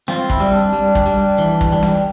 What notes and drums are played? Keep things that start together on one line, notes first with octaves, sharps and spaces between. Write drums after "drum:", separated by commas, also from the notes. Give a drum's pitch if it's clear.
C4 F4, drum: snare
E4, drum: kick
G3
D4
G3
drum: kick
G3
E3
drum: kick
G3
drum: snare